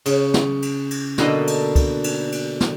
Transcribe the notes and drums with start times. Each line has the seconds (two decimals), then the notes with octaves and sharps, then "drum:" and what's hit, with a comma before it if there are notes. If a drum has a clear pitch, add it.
0.06 C#3, drum: cymbal
0.34 drum: snare
0.62 drum: cymbal
0.91 drum: cymbal
1.18 B2 D3 A#3 A4 B4 D#5, drum: snare
1.47 drum: cymbal
1.76 drum: kick, cymbal
2.04 drum: cymbal
2.32 drum: cymbal
2.61 drum: snare